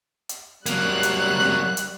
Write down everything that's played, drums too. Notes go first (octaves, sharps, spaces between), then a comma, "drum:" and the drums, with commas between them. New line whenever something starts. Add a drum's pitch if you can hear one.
drum: hi-hat
F#3 G3 A#3 F#6, drum: hi-hat
drum: hi-hat
drum: snare C4
drum: hi-hat